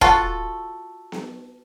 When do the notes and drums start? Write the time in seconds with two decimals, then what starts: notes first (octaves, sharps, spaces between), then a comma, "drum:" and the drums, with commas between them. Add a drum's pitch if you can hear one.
0.01 F4 F#4 A4, drum: kick
1.12 drum: snare B3